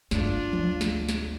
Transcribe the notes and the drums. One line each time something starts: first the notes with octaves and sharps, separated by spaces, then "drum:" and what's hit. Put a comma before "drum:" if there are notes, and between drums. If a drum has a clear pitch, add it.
G1 D2 D4 F4, drum: snare
drum: tom E3
drum: snare
drum: snare